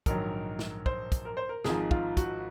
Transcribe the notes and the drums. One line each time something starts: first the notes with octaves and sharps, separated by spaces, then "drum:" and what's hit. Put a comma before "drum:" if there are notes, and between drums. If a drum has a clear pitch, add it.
A#1 G#2 D#3 F#3 A#4, drum: kick, hi-hat
drum: snare
C5, drum: kick
drum: kick, hi-hat
A#4
C5
A#4
G#1 G#2 F3 G#4, drum: snare
F4, drum: kick
F#4, drum: kick, hi-hat